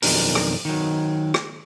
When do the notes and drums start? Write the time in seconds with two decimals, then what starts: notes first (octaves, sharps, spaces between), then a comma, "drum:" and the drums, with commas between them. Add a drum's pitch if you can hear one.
0.02 B1 F2 G#2 D#3 D4 A#4, drum: open hi-hat
0.35 drum: rim click
0.65 D#3 F#3
1.34 drum: rim click